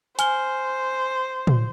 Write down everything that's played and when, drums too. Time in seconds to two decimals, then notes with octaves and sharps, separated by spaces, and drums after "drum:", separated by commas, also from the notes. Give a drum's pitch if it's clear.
0.19 C5 G#5 F6 G7, drum: hi-hat
1.47 drum: tom